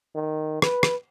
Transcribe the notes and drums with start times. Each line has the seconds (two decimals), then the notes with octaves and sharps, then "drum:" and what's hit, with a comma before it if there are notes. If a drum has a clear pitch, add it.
0.15 D#3
0.62 B4, drum: rim click
0.83 drum: rim click